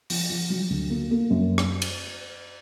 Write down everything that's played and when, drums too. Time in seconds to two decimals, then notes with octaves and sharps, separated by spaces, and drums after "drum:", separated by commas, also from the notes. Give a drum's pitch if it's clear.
0.10 F3, drum: open hi-hat
0.30 F3
0.50 F#3
0.70 D2
0.90 A#3
1.11 A#3
1.30 F#2
1.58 drum: rim click
1.82 drum: cymbal